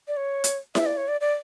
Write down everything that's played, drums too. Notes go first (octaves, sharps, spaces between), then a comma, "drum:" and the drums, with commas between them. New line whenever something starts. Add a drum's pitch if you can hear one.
D5
C#5
drum: hi-hat
E5, drum: snare E4
D5
C#5
D5
D5